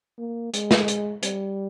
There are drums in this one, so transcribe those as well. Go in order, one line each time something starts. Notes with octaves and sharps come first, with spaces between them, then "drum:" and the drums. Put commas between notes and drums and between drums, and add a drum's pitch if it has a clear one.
A#3
G#3, drum: hi-hat
drum: snare
drum: hi-hat
G3, drum: hi-hat